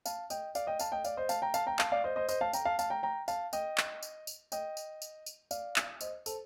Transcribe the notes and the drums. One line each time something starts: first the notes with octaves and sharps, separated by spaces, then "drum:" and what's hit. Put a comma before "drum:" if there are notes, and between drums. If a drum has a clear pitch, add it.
F5 A5, drum: tambourine
D#5 G5, drum: tambourine
D5 F5, drum: tambourine
D#5 G5
F5 A5, drum: tambourine
D#5 G5
D5 F5, drum: tambourine
C5 D#5
F5 A5, drum: tambourine
G5 A#5
F5 A5, drum: tambourine
G5 A#5
F5 A5, drum: clap
D5 F5
C5 D#5
C5 D#5
C5 D#5, drum: tambourine
F5 A5
G5 A#5, drum: tambourine
F5 A5
F5 A5, drum: tambourine
G5 A#5
G5 A#5
F5 A5, drum: tambourine
D#5 G5, drum: tambourine
drum: clap
drum: tambourine
drum: tambourine
D#5 G5, drum: tambourine
drum: tambourine
drum: tambourine
drum: tambourine
D5 F5, drum: tambourine
drum: clap
C5 D#5, drum: tambourine
A4 C5, drum: tambourine